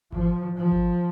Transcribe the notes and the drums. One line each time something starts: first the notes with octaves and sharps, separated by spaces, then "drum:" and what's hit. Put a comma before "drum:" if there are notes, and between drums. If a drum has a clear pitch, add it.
F3, drum: kick G#1
F3
drum: kick G#1